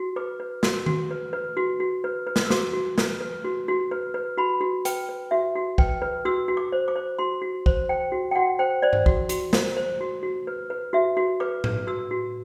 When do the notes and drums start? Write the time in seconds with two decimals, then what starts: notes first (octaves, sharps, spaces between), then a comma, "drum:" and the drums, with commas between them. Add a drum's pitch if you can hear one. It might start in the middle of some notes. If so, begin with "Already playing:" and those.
Already playing: F#4
0.16 B4 D6
0.40 B4
0.63 F#4 E6, drum: snare
0.86 F#4, drum: tom D#3
1.11 B4
1.33 B4
1.57 F#4
1.80 F#4
2.04 B4
2.27 B4
2.36 drum: snare
2.45 E6
2.50 F#4 D6, drum: snare
2.73 F#4
2.98 B4, drum: snare
3.21 B4
3.45 F#4
3.68 F#4
3.91 B4
4.14 B4
4.37 F#4 B5
4.61 F#4
4.85 B4 G5, drum: hi-hat
5.09 B4
5.31 F#4 E5
5.56 F#4
5.78 B4 G5, drum: kick
6.02 B4
6.25 F#4 E6
6.48 F#4
6.57 D6
6.72 C5
6.88 D6
6.96 C5
7.19 F#4 C6
7.42 F#4
7.66 C5, drum: kick
7.89 C5 G5
8.12 F#4
8.31 G5
8.35 F#4 F#5
8.59 C5 G5
8.82 C5 D5
8.93 drum: tom G2
9.06 F#4, drum: kick
9.29 F#4, drum: hi-hat
9.53 C5, drum: snare
9.77 C5
10.01 F#4
10.23 F#4
10.47 B4
10.70 B4
10.93 F#4 E5
11.17 F#4
11.40 B4 D6
11.64 B4, drum: tom A2
11.87 F#4 E6
12.11 F#4